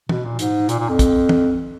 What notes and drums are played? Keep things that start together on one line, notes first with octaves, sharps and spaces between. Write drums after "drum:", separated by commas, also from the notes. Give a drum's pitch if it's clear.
B2, drum: tom
A#2
G#2, drum: hi-hat
A#2, drum: hi-hat
A#2
F2
drum: kick, hi-hat
drum: tom